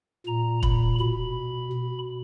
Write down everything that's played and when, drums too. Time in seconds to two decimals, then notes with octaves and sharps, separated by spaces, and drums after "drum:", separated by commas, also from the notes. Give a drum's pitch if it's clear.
0.27 A#2 A#5
0.63 B5, drum: kick
1.00 B2 B5
1.73 B2